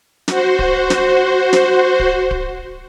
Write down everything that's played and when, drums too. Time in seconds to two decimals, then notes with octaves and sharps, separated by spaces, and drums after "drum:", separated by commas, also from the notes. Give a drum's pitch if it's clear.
0.28 F#4 C5, drum: snare
0.59 drum: kick D1
0.90 drum: snare
1.53 drum: snare
2.00 drum: kick D1
2.31 drum: kick D1